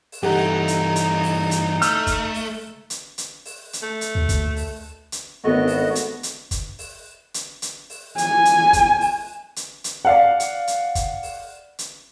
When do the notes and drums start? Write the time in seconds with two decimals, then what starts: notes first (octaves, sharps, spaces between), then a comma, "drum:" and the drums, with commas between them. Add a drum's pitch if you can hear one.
0.12 drum: open hi-hat
0.23 G2 E3 D#4 G4 A4 F#5
0.68 drum: hi-hat
0.96 drum: hi-hat
1.23 drum: open hi-hat
1.51 drum: hi-hat
1.82 A3 E6 F6 G6, drum: hi-hat
2.07 drum: kick, hi-hat
2.34 drum: open hi-hat
2.90 drum: hi-hat
3.18 drum: hi-hat
3.46 drum: open hi-hat
3.73 drum: hi-hat
3.82 A3
4.01 drum: hi-hat
4.15 D#2
4.29 D2, drum: kick, hi-hat
4.57 drum: open hi-hat
5.12 drum: hi-hat
5.44 G#1 A3 B3 D4 F#4 A4 D#5
5.68 drum: open hi-hat
5.95 drum: hi-hat
6.23 drum: hi-hat
6.51 drum: kick, hi-hat
6.79 drum: open hi-hat
7.34 drum: hi-hat
7.62 drum: hi-hat
7.90 drum: open hi-hat
8.18 G#5, drum: hi-hat
8.45 drum: hi-hat
8.73 drum: kick, hi-hat
9.01 drum: open hi-hat
9.56 drum: hi-hat
9.84 drum: hi-hat
10.05 D5 F5 F#5
10.40 drum: hi-hat
10.67 drum: hi-hat
10.95 drum: kick, hi-hat
11.23 drum: open hi-hat
11.79 drum: hi-hat